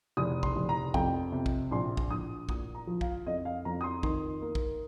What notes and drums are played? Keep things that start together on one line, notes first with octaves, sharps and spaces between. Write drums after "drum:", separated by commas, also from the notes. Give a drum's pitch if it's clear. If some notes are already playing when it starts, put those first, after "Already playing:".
F1 D#6
C6, drum: kick
F1
A#5
F2 G5, drum: kick
C3
drum: kick
A#1 C6
drum: kick
A#1 D#6
A#2 D#6, drum: kick
A#5
F3
F5, drum: kick
F2 D#5
F5
F2 A#5
D#6
C6
D#3 C6, drum: kick
A#3
drum: kick